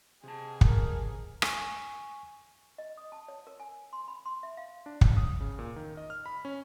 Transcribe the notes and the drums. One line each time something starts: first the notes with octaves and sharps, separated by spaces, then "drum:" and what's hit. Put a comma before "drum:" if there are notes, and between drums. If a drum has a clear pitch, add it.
C3 G#4 A5
A#4, drum: kick
G#5 C#6, drum: rim click
D#5
D#6
A5
C#5
A#4
G#5
C6
B5
C6
E5
F5
D4
A1, drum: kick
D#6
C#3
A#2
D#3
D#5
F6
B5
C#4